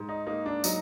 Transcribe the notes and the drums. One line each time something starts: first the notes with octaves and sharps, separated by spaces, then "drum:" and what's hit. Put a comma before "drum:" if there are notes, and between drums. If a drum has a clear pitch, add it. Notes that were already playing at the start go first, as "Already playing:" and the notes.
Already playing: G#2
D#4
A#3 D#4
D4
F#3 D#4, drum: tambourine